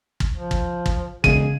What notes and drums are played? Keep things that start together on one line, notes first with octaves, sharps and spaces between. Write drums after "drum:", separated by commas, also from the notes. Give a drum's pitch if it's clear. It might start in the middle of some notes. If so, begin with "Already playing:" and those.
drum: kick
F3
drum: kick
drum: kick
E1 C#3 G#4 D#7, drum: kick